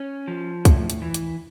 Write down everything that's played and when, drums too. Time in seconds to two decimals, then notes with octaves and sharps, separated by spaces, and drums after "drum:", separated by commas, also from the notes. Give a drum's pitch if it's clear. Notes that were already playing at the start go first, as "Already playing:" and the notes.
Already playing: C#4
0.28 F3
0.65 A2, drum: kick, hi-hat
0.90 drum: hi-hat
1.02 E3
1.14 drum: hi-hat